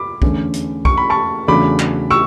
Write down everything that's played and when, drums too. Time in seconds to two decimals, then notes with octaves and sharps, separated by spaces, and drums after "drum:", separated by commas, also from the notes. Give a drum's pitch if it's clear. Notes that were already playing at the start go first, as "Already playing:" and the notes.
Already playing: B5 D6
0.22 E2 D3 A3 C#4, drum: kick B1
0.54 drum: hi-hat
0.85 C#6, drum: kick B1
0.98 B5
1.10 A5 C#6
1.48 E2 C#3 F#3 A3 D4 B5 D6
1.79 drum: clap
2.11 C#6 E6